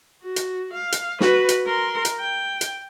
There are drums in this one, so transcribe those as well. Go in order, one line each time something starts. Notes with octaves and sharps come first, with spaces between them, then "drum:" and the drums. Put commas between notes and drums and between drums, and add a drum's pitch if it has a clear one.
F#4
drum: hi-hat
F5
drum: hi-hat
F#4 B4, drum: snare
drum: hi-hat
A#4 C6
drum: hi-hat
G5
drum: hi-hat